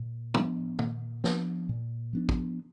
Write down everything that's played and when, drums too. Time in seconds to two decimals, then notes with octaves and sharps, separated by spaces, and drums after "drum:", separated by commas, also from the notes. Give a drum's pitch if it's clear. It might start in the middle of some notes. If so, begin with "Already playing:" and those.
Already playing: A#2
0.34 F3 B3 D4, drum: tom
0.79 A#2, drum: tom
1.24 F3 B3 D4, drum: snare
1.69 A#2
2.13 F3 B3 D4
2.29 drum: kick